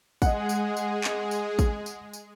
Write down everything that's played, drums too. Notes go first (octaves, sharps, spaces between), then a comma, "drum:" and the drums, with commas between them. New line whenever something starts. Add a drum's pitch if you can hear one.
G#3 G#4 D#5 F#5, drum: kick, tambourine
drum: tambourine
drum: tambourine
drum: clap
drum: tambourine
drum: kick, tambourine
drum: tambourine
drum: tambourine